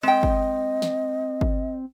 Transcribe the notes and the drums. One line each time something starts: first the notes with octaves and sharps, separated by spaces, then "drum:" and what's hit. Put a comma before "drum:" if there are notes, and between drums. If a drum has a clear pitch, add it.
G#3 C4 D#5 G5
drum: kick
drum: snare
drum: kick